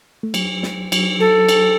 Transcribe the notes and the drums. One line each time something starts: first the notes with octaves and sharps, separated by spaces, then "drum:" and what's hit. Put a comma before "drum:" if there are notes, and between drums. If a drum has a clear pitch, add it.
A3
F#3, drum: cymbal
drum: snare
F#3, drum: cymbal
F#3 A4
drum: cymbal